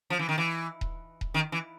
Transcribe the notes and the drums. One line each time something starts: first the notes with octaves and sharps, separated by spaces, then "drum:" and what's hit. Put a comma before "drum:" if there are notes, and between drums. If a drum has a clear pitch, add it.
F3
E3
D#3
E3
drum: kick D#1
drum: kick D#1
D#3
E3